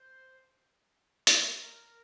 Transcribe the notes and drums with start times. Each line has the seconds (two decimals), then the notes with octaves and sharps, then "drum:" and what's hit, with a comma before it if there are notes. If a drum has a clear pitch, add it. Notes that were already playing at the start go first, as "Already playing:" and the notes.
Already playing: C5
1.27 drum: hi-hat
1.61 A#4